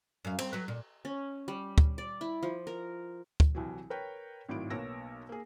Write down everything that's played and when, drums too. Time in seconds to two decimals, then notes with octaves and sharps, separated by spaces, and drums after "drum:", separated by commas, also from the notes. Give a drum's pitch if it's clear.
0.25 F#2 F5
0.39 C4, drum: cymbal
0.53 F#3 B4
0.68 A#2
1.05 C#4
1.48 G3
1.78 drum: kick
1.98 D5
2.21 E4
2.43 F3
2.67 A#4
3.40 drum: kick
3.55 C2 E3 F#3
3.90 A#4 B4 C#5 G5
4.49 G#1 A2 D#3 F#3 E4 D7
4.70 B1 A#3 B3 C#5 E6 A#6
5.29 A#3 G#4